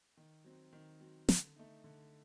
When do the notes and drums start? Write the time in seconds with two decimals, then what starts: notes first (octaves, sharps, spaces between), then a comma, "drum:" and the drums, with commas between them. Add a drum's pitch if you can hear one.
0.17 D#3
0.44 F#3 C4
0.73 D#3
1.00 F#3 C4
1.29 D3, drum: snare
1.56 A3 D#4
1.84 D3